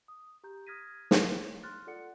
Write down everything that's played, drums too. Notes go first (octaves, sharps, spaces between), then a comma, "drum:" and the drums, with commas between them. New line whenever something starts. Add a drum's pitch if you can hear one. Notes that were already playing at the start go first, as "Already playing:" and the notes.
D#6
G4 A#5 G6
D#6 F6 G#6 A#6 B6 D#7
C#5, drum: snare
C6 F6 F#6 A6
F4 A4 D5 F#5 C#7